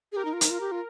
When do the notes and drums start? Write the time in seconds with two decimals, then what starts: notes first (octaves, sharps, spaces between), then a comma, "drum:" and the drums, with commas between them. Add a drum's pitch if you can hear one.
0.12 G#4
0.16 G4 A#4
0.25 D#4
0.33 F4
0.41 D#4, drum: hi-hat
0.50 F4
0.60 G4
0.72 F4